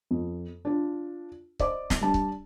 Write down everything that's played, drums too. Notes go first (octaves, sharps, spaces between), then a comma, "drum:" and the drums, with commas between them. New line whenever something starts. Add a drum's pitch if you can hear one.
F2
D4 F4
C5 D5 D#5 D6, drum: kick C#1
drum: snare
G3 D4 A5
drum: kick C#1